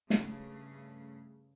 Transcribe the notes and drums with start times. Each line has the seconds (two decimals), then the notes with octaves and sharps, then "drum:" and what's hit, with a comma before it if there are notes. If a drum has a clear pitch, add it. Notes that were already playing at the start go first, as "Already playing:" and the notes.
0.10 G2 C#3 A3, drum: snare